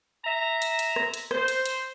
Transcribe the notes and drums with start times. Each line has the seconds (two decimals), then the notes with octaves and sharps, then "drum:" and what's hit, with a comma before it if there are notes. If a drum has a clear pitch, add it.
0.24 E5 A#5
0.62 drum: hi-hat
0.79 drum: hi-hat
0.96 drum: rim click
1.14 drum: hi-hat
1.31 C5, drum: rim click
1.48 drum: hi-hat
1.65 drum: hi-hat